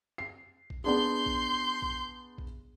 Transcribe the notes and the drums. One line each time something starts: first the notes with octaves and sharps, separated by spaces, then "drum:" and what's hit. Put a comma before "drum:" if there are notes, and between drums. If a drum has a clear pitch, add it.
C7
drum: kick A#1
B3 D4 G#4 C6 G6
drum: kick A#1
drum: kick A#1
drum: kick A#1